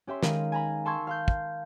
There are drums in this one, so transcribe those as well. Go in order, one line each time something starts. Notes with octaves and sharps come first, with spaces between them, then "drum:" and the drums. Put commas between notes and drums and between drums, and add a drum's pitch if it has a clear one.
C#4 G4 E5 C6
D#3 G#3 A#4 F5 B5 D#7, drum: snare
G#5 A#5 B5
A5 C6 C#6 E6 G#6
F5 C6 G6
drum: kick